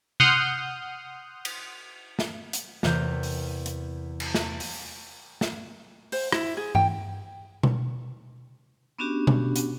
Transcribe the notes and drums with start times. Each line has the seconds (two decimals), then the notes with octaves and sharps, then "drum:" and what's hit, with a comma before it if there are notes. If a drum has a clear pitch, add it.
0.20 F#5 C6 D#6 F6 G6, drum: tom C3
1.45 drum: cymbal
2.19 drum: snare
2.53 drum: hi-hat
2.83 E2 C3 E3 A#4 G6, drum: snare
3.23 drum: open hi-hat
3.66 drum: hi-hat
4.20 drum: cymbal
4.35 drum: snare
4.60 drum: open hi-hat
5.41 drum: snare
6.12 C5, drum: open hi-hat
6.32 E4, drum: rim click
6.57 G#4
6.75 G5, drum: tom G2
7.63 drum: tom B2
8.99 B3 C#4 D4 F#4 G4
9.27 drum: tom B2
9.56 drum: hi-hat